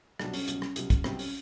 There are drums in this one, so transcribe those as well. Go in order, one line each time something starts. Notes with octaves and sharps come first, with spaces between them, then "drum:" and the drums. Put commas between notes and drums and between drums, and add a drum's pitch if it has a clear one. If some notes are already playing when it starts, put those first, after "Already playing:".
C2 B2 F#3 D4, drum: rim click
C#4, drum: open hi-hat
C2 B2 F#3, drum: hi-hat
drum: rim click
C2 B2 F#3, drum: hi-hat
drum: kick, hi-hat
C2 B2 F#3 C4, drum: rim click
C#4, drum: open hi-hat